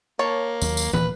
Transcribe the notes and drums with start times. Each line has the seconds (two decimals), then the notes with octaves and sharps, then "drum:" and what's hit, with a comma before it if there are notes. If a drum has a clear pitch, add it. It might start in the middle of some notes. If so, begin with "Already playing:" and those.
0.19 A#3 C#5 A5
0.61 D#2 F#3, drum: tambourine
0.77 drum: tambourine
0.93 D#1 A#2 D#3 B4, drum: tom